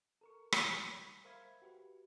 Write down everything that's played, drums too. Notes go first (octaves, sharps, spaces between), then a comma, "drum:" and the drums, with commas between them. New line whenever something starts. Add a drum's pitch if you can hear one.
A4 A#4 C#6
G3 D#6, drum: rim click
A#4 C5 E5 F5 B5 G#6
F#4 G4 B4